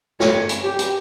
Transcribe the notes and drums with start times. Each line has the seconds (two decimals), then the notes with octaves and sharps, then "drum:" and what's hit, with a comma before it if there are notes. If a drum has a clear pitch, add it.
0.20 C#5, drum: snare
0.49 drum: hi-hat
0.63 G4
0.79 drum: hi-hat